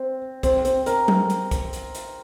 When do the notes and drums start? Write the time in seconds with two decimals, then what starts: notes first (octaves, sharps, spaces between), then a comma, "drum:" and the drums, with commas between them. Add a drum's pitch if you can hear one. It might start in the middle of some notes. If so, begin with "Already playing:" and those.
Already playing: C4
0.43 C4, drum: kick, hi-hat
0.65 C4, drum: hi-hat
0.86 A#4, drum: hi-hat
1.08 drum: tom F#3
1.30 drum: hi-hat
1.51 drum: kick, hi-hat
1.73 drum: hi-hat
1.95 drum: hi-hat